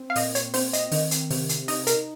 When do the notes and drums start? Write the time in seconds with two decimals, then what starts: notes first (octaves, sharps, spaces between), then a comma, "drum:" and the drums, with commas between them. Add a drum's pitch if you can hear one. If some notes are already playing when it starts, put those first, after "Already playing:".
Already playing: C4
0.10 F5
0.16 A#2 D#5, drum: open hi-hat
0.35 C#5, drum: hi-hat
0.54 C4 C5, drum: open hi-hat
0.73 D#5, drum: hi-hat
0.92 D#3, drum: open hi-hat
1.11 drum: hi-hat
1.30 C3, drum: open hi-hat
1.49 drum: hi-hat
1.68 D#4 D#5, drum: open hi-hat
1.87 A#4, drum: hi-hat